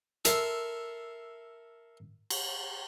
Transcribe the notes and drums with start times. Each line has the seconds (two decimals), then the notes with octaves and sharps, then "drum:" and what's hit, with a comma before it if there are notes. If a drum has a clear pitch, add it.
0.25 A4 A#4 E5 C6, drum: hi-hat
2.30 drum: cymbal